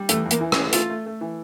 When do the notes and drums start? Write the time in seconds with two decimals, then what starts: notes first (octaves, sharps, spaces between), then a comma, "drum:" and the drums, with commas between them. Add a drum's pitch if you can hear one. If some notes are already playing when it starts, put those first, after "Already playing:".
Already playing: G3
0.09 E2 A3, drum: hi-hat
0.26 E2
0.31 A#3, drum: hi-hat
0.41 E3
0.52 C#4, drum: rim click
0.57 A3
0.73 A3 F4, drum: hi-hat
0.90 A3
1.06 A3
1.21 E3